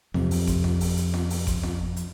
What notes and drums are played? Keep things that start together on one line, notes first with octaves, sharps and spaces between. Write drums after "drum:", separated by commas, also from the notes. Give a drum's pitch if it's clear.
F2 C3, drum: snare F4
drum: open hi-hat
drum: kick G1, hi-hat
drum: snare F4
drum: open hi-hat
drum: hi-hat
drum: snare F4
drum: open hi-hat
drum: kick G1, hi-hat
drum: snare F4
drum: hi-hat